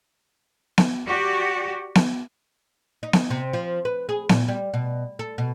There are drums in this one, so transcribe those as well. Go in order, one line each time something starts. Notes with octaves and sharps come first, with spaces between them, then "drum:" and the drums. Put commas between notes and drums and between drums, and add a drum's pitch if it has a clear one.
drum: snare B3
F#4 G4 D5
drum: snare B3
D#4
drum: snare B3
C3
F3
B4
G#4
A#2, drum: snare B3
G3
B2
A4
B2